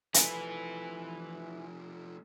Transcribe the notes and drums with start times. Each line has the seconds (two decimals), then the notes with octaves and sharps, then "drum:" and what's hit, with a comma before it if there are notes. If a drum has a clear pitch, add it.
0.14 E3 F3 A3 B4 G#5, drum: hi-hat